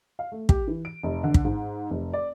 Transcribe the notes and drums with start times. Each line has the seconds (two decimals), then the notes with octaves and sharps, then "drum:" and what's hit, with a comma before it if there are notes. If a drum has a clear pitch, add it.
0.19 F5
0.32 A3
0.49 G4, drum: kick
0.68 E3
0.85 D7
1.03 F1
1.24 D3
1.34 drum: kick
1.45 G#2
1.91 F1
2.13 D5